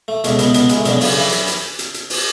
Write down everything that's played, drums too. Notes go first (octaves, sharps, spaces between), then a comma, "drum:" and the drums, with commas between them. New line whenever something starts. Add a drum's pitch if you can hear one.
A3
C#2 B2 A3, drum: hi-hat
B2 B3, drum: hi-hat
B2 B3, drum: hi-hat
G#3, drum: hi-hat
A3
F#2 B2 D3 B3, drum: hi-hat
C#3 C#4, drum: open hi-hat
E3 E4
drum: hi-hat
drum: hi-hat
drum: hi-hat
drum: hi-hat
drum: open hi-hat